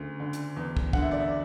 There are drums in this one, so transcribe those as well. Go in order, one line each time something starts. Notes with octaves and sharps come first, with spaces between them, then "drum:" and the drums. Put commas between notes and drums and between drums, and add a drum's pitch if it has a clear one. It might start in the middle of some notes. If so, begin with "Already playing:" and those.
Already playing: D2 C#3
D3
drum: hi-hat
E2
drum: kick
D3 F#5, drum: kick
E5
D5
E5